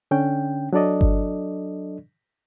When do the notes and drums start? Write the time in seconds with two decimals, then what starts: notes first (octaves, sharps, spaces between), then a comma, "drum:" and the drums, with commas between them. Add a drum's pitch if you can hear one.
0.11 D3 C#4 G5
0.73 F#3 D4 A4 D5 D#5
1.01 drum: kick G1